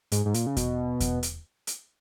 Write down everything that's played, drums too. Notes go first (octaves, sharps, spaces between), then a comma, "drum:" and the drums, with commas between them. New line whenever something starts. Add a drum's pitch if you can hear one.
G#2, drum: hi-hat
G#2
A#2, drum: hi-hat
C#3
B2, drum: kick E2, hi-hat
drum: kick E2, hi-hat
drum: hi-hat
drum: hi-hat